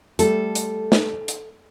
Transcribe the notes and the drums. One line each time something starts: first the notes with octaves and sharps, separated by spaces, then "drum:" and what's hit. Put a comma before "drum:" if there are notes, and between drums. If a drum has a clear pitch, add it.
G3 A3 A4, drum: hi-hat
drum: hi-hat
drum: snare
drum: hi-hat